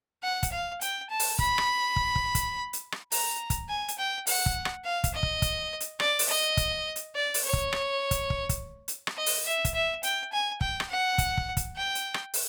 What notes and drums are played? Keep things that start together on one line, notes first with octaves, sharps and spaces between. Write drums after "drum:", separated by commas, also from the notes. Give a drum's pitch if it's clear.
F#5
drum: kick, hi-hat
F5
G5, drum: hi-hat
A5
drum: open hi-hat
B5, drum: kick
drum: rim click
drum: kick
drum: kick
drum: kick, hi-hat
drum: hi-hat
drum: rim click
A#5, drum: open hi-hat
drum: kick, hi-hat
G#5
drum: hi-hat
G5
F#5, drum: open hi-hat
drum: kick
drum: rim click
F5
drum: kick, hi-hat
D#5
drum: kick
drum: kick, hi-hat
drum: hi-hat
D5, drum: rim click
drum: open hi-hat
D#5
drum: kick, hi-hat
drum: hi-hat
D5
drum: open hi-hat
C#5
drum: kick
drum: rim click
drum: kick, hi-hat
drum: kick
drum: kick, hi-hat
drum: hi-hat
drum: rim click
D#5
drum: open hi-hat
E5
drum: kick, hi-hat
E5
G5, drum: hi-hat
G#5
G5, drum: kick
drum: rim click
F#5
drum: kick, hi-hat
drum: kick
drum: kick, hi-hat
G5
drum: hi-hat
drum: rim click
drum: open hi-hat